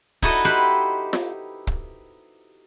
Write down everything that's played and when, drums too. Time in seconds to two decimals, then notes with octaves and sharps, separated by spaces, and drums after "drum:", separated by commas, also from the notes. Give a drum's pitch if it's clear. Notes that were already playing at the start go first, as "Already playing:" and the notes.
0.22 D#4 E4 F#4 A4 D#5, drum: kick
0.45 G4 B4 C5 F#5
1.13 drum: snare F4
1.67 drum: kick